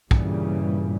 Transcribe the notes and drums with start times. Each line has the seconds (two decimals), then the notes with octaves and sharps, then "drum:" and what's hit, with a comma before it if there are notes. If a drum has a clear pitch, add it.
0.11 G2 A#2 C#3 E3 G3, drum: kick